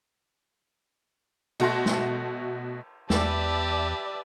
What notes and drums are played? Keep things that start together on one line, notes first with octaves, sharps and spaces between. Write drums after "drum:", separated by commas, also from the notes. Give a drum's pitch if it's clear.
B2 A3 F#4 A5 C6 A#6, drum: cymbal
drum: snare
E2 G4 B4 D5 E5 A5, drum: snare